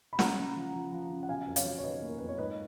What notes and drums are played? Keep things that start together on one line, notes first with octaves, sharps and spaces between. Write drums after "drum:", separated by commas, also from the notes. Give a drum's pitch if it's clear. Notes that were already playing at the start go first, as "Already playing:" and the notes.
B5
A#3 F#5 A#5, drum: snare
C#3
F3
F3
F3
C#3
F#5
F#3 F5 G#5
F2
C#5 F5, drum: hi-hat
F#3
C#5
D#3 B4 D#5
A#3
A#4
F2 B4
C#5
G#2 B4 D#5